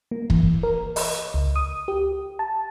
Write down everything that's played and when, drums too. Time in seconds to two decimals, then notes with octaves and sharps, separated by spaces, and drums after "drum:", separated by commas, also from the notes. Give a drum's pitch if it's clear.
0.11 A#3
0.30 E3, drum: kick
0.63 A#4
0.96 D#5, drum: open hi-hat
1.34 C#2
1.56 D#6
1.88 G4
2.39 A5